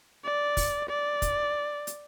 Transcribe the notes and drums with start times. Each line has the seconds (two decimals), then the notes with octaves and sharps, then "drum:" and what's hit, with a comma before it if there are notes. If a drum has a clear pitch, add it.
0.24 D5
0.57 drum: kick, open hi-hat
0.89 D5
1.22 drum: kick, hi-hat
1.87 drum: hi-hat